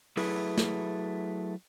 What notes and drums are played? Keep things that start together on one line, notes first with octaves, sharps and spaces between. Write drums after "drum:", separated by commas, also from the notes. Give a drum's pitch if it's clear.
F#3 A3 E4 G#4 B4, drum: open hi-hat
drum: snare